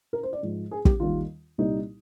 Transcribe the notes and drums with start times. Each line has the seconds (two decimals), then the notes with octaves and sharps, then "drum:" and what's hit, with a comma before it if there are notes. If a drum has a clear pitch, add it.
0.13 A#4
0.23 C5
0.33 D5
0.43 G#2 F3
0.71 G#4
0.85 G4, drum: kick
1.00 D#2 D#3 G3 F4
1.58 C2 A#2 G3 D#4